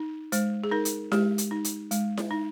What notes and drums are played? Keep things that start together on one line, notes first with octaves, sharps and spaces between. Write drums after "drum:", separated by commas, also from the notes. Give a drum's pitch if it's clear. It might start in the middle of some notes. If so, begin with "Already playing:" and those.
Already playing: D#4
G#3 C5, drum: hi-hat
G#4
D#4 A#4
drum: hi-hat
G#3 G4, drum: snare E4
drum: hi-hat
D#4
drum: hi-hat
G#3, drum: hi-hat
drum: snare E4
D#4